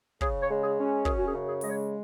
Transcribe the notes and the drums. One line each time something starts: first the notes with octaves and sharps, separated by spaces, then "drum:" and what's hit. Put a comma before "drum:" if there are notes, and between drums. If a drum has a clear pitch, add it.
C#3 G#4, drum: kick
C#5
G#3
G#4
C#4
F#4
F#2 G#4, drum: kick
F#4
G#4
C#3
G#4
G#3 D#5, drum: open hi-hat
C#5